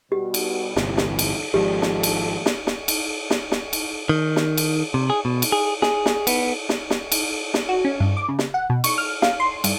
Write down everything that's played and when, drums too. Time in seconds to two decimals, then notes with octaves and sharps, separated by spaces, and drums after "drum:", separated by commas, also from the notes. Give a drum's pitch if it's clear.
0.12 B2 G3 F#4 G4
0.34 drum: cymbal
0.76 G1 A2 C3 E3, drum: snare
0.98 drum: snare
1.19 drum: cymbal
1.54 G#1 F3 G#3 D#4 G4 A4 D5
1.82 drum: snare
2.03 drum: cymbal
2.46 drum: snare
2.67 drum: snare
2.88 drum: cymbal
3.30 drum: snare
3.52 drum: snare
3.73 drum: cymbal
4.09 D#3
4.36 drum: snare
4.57 drum: cymbal
4.94 C3
5.10 G#4
5.25 B2
5.42 drum: cymbal
5.52 G#4
5.82 G#4, drum: snare
6.06 drum: snare
6.27 B3, drum: cymbal
6.69 drum: snare
6.90 drum: snare
7.12 drum: cymbal
7.54 drum: snare
7.69 F#4
7.85 C#4
8.00 G2
8.17 D6
8.29 C#3
8.39 drum: snare
8.54 F#5
8.70 B2
8.84 C#6, drum: cymbal
8.98 F6
9.22 F5, drum: snare
9.40 C6
9.64 G2, drum: cymbal